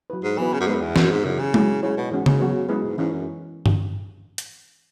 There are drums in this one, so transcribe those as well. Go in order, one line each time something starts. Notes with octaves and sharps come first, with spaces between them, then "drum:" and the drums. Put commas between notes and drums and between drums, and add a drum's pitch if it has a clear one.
F#3 E4 B4
G#2
E3 F#3 B3 F#4 B4
C#3
F#2
G#2 G#3 B3 G#4 B4
F#2
E2
F#2 E3 C#4 F#4, drum: snare
G#2
F#2 C#3 F#3 E4 G#4
C#3
F#3 E4 G#4, drum: tom G#3
C#3 G#3 E4 C#5
B2
G#2 E3 G#3 C#4 F#4
C#3, drum: tom C#3
F#3 B3 F#4 C#5
C#3 G#3 E4 G#4 B4
G#2
G#2 E3 C#4 E4
F#2
drum: tom G2
drum: hi-hat